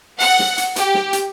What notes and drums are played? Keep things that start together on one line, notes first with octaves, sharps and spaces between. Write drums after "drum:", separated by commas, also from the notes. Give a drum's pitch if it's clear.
F#5, drum: open hi-hat
drum: snare
drum: hi-hat
G4, drum: hi-hat
drum: snare
drum: hi-hat